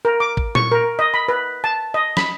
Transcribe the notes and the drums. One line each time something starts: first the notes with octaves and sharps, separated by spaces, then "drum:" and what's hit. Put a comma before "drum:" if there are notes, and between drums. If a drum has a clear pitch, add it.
A#4
D6
drum: kick A1
C#6, drum: tom A#2
A#4
D#5
B5
B4
A5
D#5
B5, drum: snare